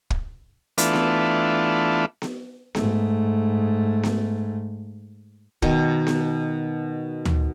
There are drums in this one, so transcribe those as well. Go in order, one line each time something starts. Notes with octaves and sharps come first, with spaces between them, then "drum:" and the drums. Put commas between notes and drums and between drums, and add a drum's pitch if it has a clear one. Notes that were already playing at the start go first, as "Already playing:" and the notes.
drum: kick
E3 A3 B3 D4 F4, drum: hi-hat
drum: snare B3
drum: snare B3
G#2 A3, drum: snare B3
drum: snare B3
B2 D#3, drum: kick
drum: snare B3
drum: tom D2